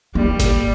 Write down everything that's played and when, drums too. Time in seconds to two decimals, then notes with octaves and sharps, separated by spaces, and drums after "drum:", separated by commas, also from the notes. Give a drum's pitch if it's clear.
0.15 G3 A#3
0.39 drum: snare G#1